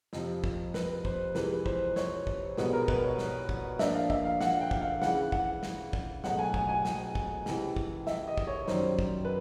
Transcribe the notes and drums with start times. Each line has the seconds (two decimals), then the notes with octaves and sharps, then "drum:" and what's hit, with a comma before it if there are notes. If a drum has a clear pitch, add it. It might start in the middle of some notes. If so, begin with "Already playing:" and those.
0.13 F2 C3 F3, drum: snare
0.44 drum: kick
0.74 B4, drum: snare
1.05 C5, drum: kick
1.35 F2 C3 E3 G#3 B4, drum: snare
1.66 C5, drum: kick
1.96 C#5, drum: snare
2.27 drum: kick
2.57 C2 B2 G#3 B3 B4, drum: snare
2.73 A#4
2.88 B4, drum: kick
3.04 C#5
3.18 drum: snare
3.49 drum: kick
3.79 A#2 F3 A#3 D4 E5, drum: snare
3.95 F5
4.10 E5, drum: kick
4.25 F5
4.41 F#5, drum: snare
4.61 G5
4.71 drum: kick
4.81 F5
5.02 C#3 E3 G#3 F#5, drum: snare
5.32 F#5, drum: kick
5.63 drum: snare
5.93 drum: kick
6.24 C#2 B2 F#3 A3 F#5, drum: snare
6.39 G#5
6.54 G#5, drum: kick
6.69 G#5
6.85 drum: snare
7.15 drum: kick
7.46 C#2 C3 E3, drum: snare
7.76 drum: kick
8.07 E5, drum: snare
8.28 D#5
8.38 drum: kick
8.47 C#5
8.68 F#2 D#3 G3 C5, drum: snare
8.99 drum: kick
9.25 B4